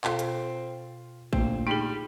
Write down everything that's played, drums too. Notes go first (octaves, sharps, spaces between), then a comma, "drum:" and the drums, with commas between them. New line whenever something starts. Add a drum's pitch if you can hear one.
B2 C4 F4 A4 C6, drum: clap
drum: hi-hat
D2 A#2 C4, drum: kick
G3 D#4 G#4